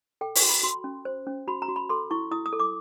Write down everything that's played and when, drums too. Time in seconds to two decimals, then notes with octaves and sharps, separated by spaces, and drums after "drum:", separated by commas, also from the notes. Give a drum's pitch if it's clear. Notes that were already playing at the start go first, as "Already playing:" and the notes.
0.21 A4 G5
0.35 C#6, drum: open hi-hat
0.42 F#4
0.49 B5
0.63 F#4 C6
0.84 C#4
1.05 C5
1.27 C#4
1.48 F#4 B5
1.62 A#5
1.68 F#4
1.76 B5
1.89 A4 C6
2.11 E4 C#6
2.31 E4 D#6
2.46 D#6
2.53 A4
2.60 D6